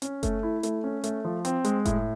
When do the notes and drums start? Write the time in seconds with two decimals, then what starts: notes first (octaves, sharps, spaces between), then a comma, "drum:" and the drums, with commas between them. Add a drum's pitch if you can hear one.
0.02 C#4, drum: hi-hat
0.23 A3, drum: kick F#1, hi-hat
0.43 E4
0.63 A3, drum: hi-hat
0.84 C#4
1.04 A3, drum: hi-hat
1.25 F3
1.45 C4, drum: hi-hat
1.64 G#3, drum: hi-hat
1.85 A2, drum: kick F#1, hi-hat